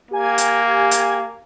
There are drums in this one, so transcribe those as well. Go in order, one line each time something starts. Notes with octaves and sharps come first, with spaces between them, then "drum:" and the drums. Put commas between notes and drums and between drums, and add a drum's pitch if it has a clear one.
A#3 G4 G#5 G#6
drum: hi-hat
drum: hi-hat